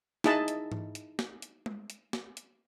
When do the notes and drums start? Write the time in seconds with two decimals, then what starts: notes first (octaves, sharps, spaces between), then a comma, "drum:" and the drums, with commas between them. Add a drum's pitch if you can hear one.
0.24 D#4 E4 G#4 D#5 A5 B5, drum: snare
0.48 drum: hi-hat
0.72 drum: tom G#2
0.95 drum: hi-hat
1.19 drum: snare
1.42 drum: hi-hat
1.66 drum: tom G#3
1.90 drum: hi-hat
2.13 drum: snare
2.37 drum: hi-hat